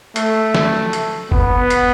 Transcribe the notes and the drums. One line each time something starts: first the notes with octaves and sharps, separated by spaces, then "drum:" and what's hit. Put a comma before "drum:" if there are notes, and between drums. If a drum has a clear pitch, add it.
A3, drum: hi-hat
drum: snare
drum: hi-hat
B3, drum: kick
drum: hi-hat